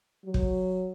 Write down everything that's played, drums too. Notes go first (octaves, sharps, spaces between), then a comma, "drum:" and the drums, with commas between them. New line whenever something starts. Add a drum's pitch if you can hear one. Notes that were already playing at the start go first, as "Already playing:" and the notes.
F#3
drum: kick